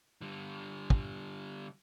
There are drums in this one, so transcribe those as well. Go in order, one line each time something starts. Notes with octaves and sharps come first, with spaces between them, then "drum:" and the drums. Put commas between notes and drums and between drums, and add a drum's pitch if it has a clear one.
D3 G3
drum: kick